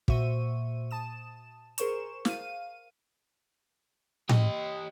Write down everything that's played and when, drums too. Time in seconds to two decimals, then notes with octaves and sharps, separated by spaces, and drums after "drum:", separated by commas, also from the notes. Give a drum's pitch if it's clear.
0.08 A#2 F#4 C5 E5 C#6 D#7, drum: kick
0.91 A5 D#6 E7
1.78 G#4 A#4 C5 C#6 E7, drum: hi-hat
2.25 F5 D#7, drum: snare
4.29 G4 D#5, drum: tom A2